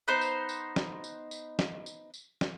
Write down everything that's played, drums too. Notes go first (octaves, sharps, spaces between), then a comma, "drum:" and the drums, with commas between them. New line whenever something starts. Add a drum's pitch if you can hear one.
B3 D#4 C5
drum: tambourine
drum: tambourine
drum: snare
drum: tambourine
drum: tambourine
drum: snare
drum: tambourine
drum: tambourine
drum: snare